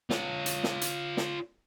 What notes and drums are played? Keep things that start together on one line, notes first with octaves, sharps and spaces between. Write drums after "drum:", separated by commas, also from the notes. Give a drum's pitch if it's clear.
F4 C#5, drum: snare
drum: hi-hat
drum: snare
drum: hi-hat
drum: snare